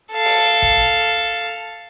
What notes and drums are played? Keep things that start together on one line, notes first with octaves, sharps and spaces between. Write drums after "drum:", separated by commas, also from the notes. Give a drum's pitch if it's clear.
A4 F5
drum: open hi-hat
drum: kick G#1